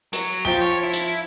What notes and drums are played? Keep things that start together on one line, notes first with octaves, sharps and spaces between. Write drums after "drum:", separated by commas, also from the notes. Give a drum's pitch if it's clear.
F#3, drum: hi-hat
F3 G4 G7
C#5
E4
drum: hi-hat